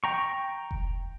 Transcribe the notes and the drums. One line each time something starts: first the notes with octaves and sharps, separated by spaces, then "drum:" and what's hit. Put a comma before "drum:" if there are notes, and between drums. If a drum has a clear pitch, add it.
G5 A#5 C#6
drum: kick F1